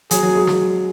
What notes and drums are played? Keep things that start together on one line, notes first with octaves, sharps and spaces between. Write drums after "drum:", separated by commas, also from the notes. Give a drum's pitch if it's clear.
F#3 G#4, drum: hi-hat
F#3
G#3
drum: snare